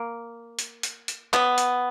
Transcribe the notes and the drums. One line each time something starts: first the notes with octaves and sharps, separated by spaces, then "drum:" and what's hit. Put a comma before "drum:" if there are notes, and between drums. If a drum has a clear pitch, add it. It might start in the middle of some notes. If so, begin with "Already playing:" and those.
Already playing: A#3
drum: hi-hat
drum: hi-hat
drum: hi-hat
B3, drum: clap
drum: hi-hat